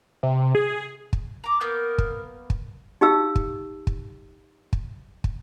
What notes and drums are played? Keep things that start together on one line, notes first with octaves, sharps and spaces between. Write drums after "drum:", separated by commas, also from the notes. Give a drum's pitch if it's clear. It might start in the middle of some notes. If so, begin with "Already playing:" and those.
C3
G#4
drum: kick
A#5 D6
A#3 B3 A#4 G6
drum: kick
drum: kick
D#4 G4 F5 E6
drum: kick
drum: kick
drum: kick
drum: kick